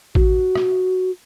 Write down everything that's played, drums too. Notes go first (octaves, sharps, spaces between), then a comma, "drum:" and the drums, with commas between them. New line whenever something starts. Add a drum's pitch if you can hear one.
F#4, drum: kick A1
drum: rim click